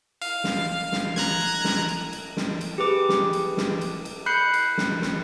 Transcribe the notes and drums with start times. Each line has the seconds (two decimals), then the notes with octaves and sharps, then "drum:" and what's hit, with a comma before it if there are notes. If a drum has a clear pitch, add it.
0.22 F5, drum: cymbal
0.44 drum: snare
0.92 drum: snare
1.16 A#5 F#6 G#6, drum: snare
1.40 drum: cymbal
1.64 drum: snare
1.89 drum: cymbal
2.13 drum: cymbal
2.37 drum: snare
2.61 drum: cymbal
2.78 G4 G#4 B4 D6
3.09 drum: snare
3.33 drum: cymbal
3.57 drum: snare
3.81 drum: cymbal
4.05 drum: cymbal
4.26 B5 F#6 G6 C7 C#7
4.54 drum: cymbal
4.78 drum: snare
5.02 drum: snare